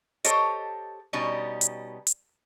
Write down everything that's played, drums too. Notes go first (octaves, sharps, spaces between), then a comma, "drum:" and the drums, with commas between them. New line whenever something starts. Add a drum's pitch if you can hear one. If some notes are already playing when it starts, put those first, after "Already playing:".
G4 A4 C5 C#5 D#5, drum: hi-hat
B2 G3 C#4 D#4
drum: hi-hat
drum: hi-hat